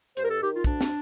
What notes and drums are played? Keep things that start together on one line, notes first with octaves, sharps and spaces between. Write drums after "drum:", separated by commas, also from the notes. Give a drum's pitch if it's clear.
G2 C5, drum: hi-hat
A#4
A4
D#3 G4
F4
D2 D4, drum: kick, hi-hat
drum: snare